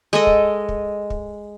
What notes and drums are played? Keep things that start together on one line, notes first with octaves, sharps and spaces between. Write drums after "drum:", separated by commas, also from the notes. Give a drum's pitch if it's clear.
G#3 A4 D#5
drum: kick
drum: kick
drum: kick